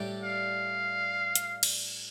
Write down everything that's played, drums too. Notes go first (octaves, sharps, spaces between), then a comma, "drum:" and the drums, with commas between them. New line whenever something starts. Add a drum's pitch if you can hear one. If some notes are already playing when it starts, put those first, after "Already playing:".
Already playing: A2 G3 D4 G4
F5
drum: hi-hat
drum: cymbal